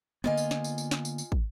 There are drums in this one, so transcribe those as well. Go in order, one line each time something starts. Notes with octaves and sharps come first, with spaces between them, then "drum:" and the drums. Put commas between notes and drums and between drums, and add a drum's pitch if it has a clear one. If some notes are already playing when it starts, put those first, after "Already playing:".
D3 A#3 B3 F4 D#5 G#5
drum: tambourine
drum: snare
drum: tambourine
drum: tambourine
drum: snare
drum: tambourine
drum: tambourine
drum: kick